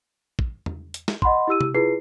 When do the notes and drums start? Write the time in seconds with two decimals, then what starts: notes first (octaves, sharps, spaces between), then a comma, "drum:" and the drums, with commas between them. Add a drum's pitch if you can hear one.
0.39 drum: kick
0.66 drum: tom E2
0.94 drum: hi-hat
1.08 drum: snare
1.22 D#5 F#5 B5 C6, drum: kick
1.47 E4 G4 E6 D#7
1.61 drum: tom C3
1.74 E4 F4 G#4 B4 C7